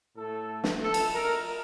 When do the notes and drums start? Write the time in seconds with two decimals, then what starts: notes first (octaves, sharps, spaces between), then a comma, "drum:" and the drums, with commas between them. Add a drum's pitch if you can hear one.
0.17 A2 A3 A4
0.64 drum: snare
0.82 A4
0.94 drum: cymbal
1.14 A#4